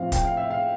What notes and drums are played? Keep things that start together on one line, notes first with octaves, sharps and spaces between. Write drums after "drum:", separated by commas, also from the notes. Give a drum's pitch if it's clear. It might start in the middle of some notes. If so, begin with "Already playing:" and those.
Already playing: A2 F3 C4 F5
G5, drum: kick, hi-hat
F5
E5
F5